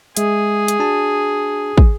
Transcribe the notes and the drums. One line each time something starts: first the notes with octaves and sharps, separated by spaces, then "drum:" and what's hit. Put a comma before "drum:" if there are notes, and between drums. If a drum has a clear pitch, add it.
G#3 G#4 E5, drum: hi-hat
drum: hi-hat
D4 F#4 A5
drum: kick